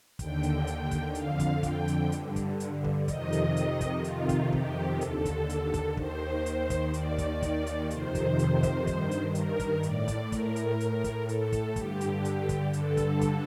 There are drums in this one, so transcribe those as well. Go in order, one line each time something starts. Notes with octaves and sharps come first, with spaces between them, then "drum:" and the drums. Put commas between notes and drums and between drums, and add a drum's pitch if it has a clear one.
D#2 D3 G5, drum: kick, hi-hat
drum: hi-hat
drum: hi-hat
drum: kick, hi-hat
F2 D3 F5, drum: hi-hat
drum: kick, hi-hat
G5, drum: kick, hi-hat
drum: hi-hat
G2 D3, drum: hi-hat
drum: kick, hi-hat
drum: hi-hat
drum: kick
F2 C3 D#3 D#5, drum: kick, hi-hat
drum: hi-hat
drum: hi-hat
drum: kick, hi-hat
F2 C3 D#3 F4, drum: hi-hat
drum: kick, hi-hat
G4, drum: kick
D#2 D3 A4, drum: hi-hat
drum: kick, hi-hat
drum: hi-hat
drum: kick, hi-hat
D#2 D#3 C5, drum: kick
drum: hi-hat
drum: kick, hi-hat
D#2 D#3 D5, drum: hi-hat
drum: kick, hi-hat
drum: kick, hi-hat
drum: hi-hat
F2 C3 D#3 C5, drum: hi-hat
drum: kick, hi-hat
drum: hi-hat
drum: kick, hi-hat
G2 D#3, drum: kick, hi-hat
drum: hi-hat
A#4, drum: hi-hat
drum: kick, hi-hat
A2 D5, drum: hi-hat
drum: kick, hi-hat
A#4, drum: kick, hi-hat
drum: hi-hat
A2, drum: hi-hat
drum: kick, hi-hat
A4, drum: hi-hat
drum: kick, hi-hat
G2 D3 G4, drum: kick, hi-hat
drum: hi-hat
drum: hi-hat
drum: kick, hi-hat
G2 D3 A4, drum: hi-hat
drum: kick, hi-hat
drum: kick, hi-hat